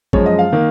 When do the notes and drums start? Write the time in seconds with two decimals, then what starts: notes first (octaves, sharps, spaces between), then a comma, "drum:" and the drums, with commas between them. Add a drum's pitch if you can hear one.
0.13 F#2 F3 G#3 C#5, drum: kick A1
0.26 D#5
0.39 F5
0.52 D#3 A#3